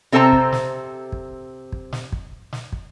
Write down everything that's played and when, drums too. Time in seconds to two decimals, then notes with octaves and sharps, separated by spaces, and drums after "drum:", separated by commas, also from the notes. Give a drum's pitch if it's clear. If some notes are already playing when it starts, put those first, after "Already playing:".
0.12 C3 C4 A4 C5 A5 A#5
0.32 drum: kick
0.52 drum: snare
1.12 drum: kick
1.72 drum: kick
1.93 drum: snare
2.13 drum: kick
2.53 drum: snare
2.73 drum: kick